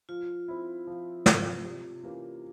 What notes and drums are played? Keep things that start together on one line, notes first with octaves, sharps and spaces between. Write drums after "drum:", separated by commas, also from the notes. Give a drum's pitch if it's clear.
F3 F4
C4 E4
F3
C4 E4, drum: snare
C3
E3 A#3 C#4 G4